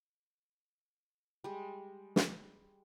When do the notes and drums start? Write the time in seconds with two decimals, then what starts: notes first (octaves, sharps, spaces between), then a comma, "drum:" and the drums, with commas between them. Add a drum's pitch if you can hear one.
1.44 G3 G#3
2.16 drum: snare